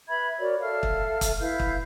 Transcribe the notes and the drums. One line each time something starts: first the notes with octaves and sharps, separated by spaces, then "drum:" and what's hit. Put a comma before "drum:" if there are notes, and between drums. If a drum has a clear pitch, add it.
B4 E5 B5 G#6
F#4 A#4 C#5 D5
A4 E5 F5 F6
drum: kick
drum: kick, hi-hat
E4 B4 F5 G6
drum: kick